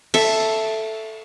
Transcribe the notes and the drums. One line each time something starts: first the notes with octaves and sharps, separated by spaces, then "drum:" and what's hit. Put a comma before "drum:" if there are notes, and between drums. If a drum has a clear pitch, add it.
A4 E5, drum: cymbal